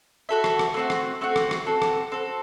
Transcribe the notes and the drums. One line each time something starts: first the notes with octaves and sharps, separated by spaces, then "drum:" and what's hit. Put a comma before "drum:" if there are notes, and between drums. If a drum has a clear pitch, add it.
F#4 A4 E5
drum: rim click
drum: rim click
A3 C4 F#4
drum: rim click
A3 C4 F#4
drum: rim click
drum: rim click
C4 F#4 A4
drum: rim click
C4 F#4 A4